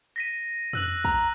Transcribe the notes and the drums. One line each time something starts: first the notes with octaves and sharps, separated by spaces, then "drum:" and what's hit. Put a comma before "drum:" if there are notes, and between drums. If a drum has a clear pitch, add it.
A#6 B6 D#7
E6 F#6 F#7, drum: tom F2
A#5, drum: kick